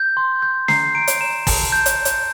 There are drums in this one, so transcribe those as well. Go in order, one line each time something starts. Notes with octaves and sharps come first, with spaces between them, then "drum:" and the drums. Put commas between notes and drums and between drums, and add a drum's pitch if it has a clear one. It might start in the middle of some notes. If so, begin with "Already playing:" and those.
Already playing: G6
C6
G6
A#5 C7, drum: snare
A#5 D7
drum: hi-hat
A#5 E7
A5, drum: kick, open hi-hat
A5 G6
drum: hi-hat
drum: hi-hat